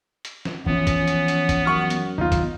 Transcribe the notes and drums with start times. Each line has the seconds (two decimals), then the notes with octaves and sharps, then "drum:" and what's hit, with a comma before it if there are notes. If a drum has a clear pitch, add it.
0.25 drum: hi-hat
0.45 drum: snare
0.66 E3 F3 B3 C#4, drum: kick
0.87 drum: kick, hi-hat
1.08 drum: hi-hat
1.28 drum: hi-hat
1.49 drum: kick, hi-hat
1.66 F#2 F#5 C#6 F6
1.90 drum: hi-hat
2.18 F#1 D#2 B3 D#4 F4
2.32 drum: kick, hi-hat